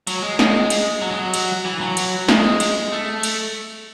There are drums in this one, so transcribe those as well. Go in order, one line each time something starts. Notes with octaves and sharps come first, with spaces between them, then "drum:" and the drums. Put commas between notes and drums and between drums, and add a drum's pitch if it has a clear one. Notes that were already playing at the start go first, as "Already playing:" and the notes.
F#3, drum: cymbal
G#3
G#3, drum: snare
drum: cymbal
F#3
G#3
F#3
drum: cymbal
E3
F#3
drum: cymbal
G#3, drum: snare
drum: cymbal
A3
drum: cymbal